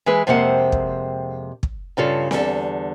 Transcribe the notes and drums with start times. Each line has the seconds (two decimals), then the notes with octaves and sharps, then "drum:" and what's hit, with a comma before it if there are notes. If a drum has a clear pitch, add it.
0.06 E3 G#3 G#4 B4
0.27 F2 C3 G#3 A#3 C4 F#5
0.72 drum: kick
1.63 drum: kick
1.97 G2 C#3 F4 A4
2.31 E2 D3 G3 A4, drum: snare C4